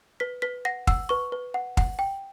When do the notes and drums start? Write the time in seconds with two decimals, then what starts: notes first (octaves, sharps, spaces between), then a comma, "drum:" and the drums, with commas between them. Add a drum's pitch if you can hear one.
0.20 B4 B6
0.42 B4 B6
0.65 F#5 A#6
0.87 F#5 E6, drum: kick
1.09 B4 C#6
1.32 B4
1.54 F#5
1.77 F#5, drum: kick
1.99 G5